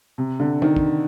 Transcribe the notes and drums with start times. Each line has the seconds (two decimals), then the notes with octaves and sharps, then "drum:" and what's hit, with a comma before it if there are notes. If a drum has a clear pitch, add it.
0.18 C3
0.40 D3
0.62 D#3, drum: tom
0.76 drum: kick